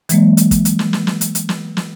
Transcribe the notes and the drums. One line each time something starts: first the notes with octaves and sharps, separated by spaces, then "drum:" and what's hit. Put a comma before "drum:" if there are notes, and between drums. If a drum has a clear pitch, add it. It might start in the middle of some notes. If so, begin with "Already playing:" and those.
E3 F#3 G#3 A#3, drum: hi-hat
drum: hi-hat
drum: kick, hi-hat
drum: hi-hat
drum: snare
drum: snare
drum: snare
drum: hi-hat
drum: hi-hat
drum: snare
drum: snare